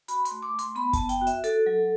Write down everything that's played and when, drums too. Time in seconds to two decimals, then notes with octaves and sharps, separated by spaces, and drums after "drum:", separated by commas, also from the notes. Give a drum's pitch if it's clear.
0.08 F#4 B5, drum: hi-hat
0.25 C6, drum: hi-hat
0.31 A3
0.43 D6
0.54 A3
0.59 C6, drum: hi-hat
0.75 B3 B5
0.93 B3 A5, drum: kick F#1, hi-hat
1.09 G5, drum: hi-hat
1.21 F#4
1.27 E5, drum: hi-hat
1.44 F#4 A4, drum: hi-hat
1.66 F#3